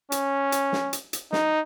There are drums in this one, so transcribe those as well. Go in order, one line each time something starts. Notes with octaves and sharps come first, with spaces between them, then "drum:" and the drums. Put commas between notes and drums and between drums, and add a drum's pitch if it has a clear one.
C#4, drum: hi-hat
drum: hi-hat
drum: snare
drum: hi-hat
drum: hi-hat
D#4, drum: snare